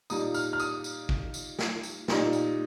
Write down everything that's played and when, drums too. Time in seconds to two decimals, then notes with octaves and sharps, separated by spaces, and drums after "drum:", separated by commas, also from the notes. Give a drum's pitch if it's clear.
0.10 A#2 G3 D#4 D#6, drum: tambourine
0.34 F6, drum: tambourine
0.53 F6
0.60 D#6, drum: tambourine
0.84 drum: tambourine
1.09 drum: kick
1.34 drum: tambourine
1.59 drum: snare
1.83 drum: tambourine
2.08 A#2 G3 D#4, drum: snare
2.33 drum: tambourine